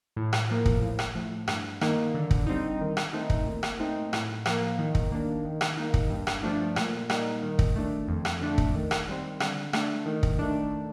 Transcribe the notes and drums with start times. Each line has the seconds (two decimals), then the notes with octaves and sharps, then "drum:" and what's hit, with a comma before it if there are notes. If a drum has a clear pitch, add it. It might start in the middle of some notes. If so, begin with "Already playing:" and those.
0.17 A2
0.33 drum: rim click
0.50 F3 A#3
0.66 drum: kick
0.82 A2
0.99 drum: rim click
1.15 F3 A3
1.48 G2, drum: rim click
1.81 D#3 A#3 D#4, drum: rim click
2.14 D3
2.31 drum: kick
2.47 G3 C4 D#4
2.81 D#3
2.97 drum: rim click
3.13 A3 C4 D#4
3.30 drum: kick
3.46 A#2
3.63 drum: rim click
3.80 A3 C4 D#4
4.13 A2, drum: rim click
4.46 F3 A#3, drum: rim click
4.79 D#3
4.95 drum: kick
5.12 A#3 D4
5.45 D#3
5.61 drum: rim click
5.77 A#3 D#4
5.94 drum: kick
6.10 G2
6.27 drum: rim click
6.43 F3 A3 D4
6.76 A#2, drum: rim click
7.10 G3 A#3 D#4, drum: rim click
7.42 D#3
7.59 drum: kick
7.76 A3 D4
8.08 F2
8.25 drum: rim click
8.41 D3 A3 D4
8.58 drum: kick
8.75 D#3
8.91 drum: rim click
9.08 G3 C4
9.40 D3, drum: rim click
9.73 A3 D4, drum: rim click
10.06 D#3
10.23 drum: kick
10.39 A3 D4